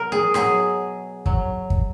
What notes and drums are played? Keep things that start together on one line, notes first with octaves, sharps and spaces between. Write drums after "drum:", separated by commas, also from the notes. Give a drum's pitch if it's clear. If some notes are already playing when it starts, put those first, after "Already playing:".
Already playing: B2 F#3 A#4
G#4
B2 F#3 G#4, drum: rim click
F#3, drum: kick
drum: kick